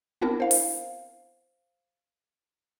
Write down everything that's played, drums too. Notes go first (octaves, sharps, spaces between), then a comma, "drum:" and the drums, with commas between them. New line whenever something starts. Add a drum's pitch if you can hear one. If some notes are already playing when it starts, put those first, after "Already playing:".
B3 C4 D4 E4 A#4
C5 F5
drum: open hi-hat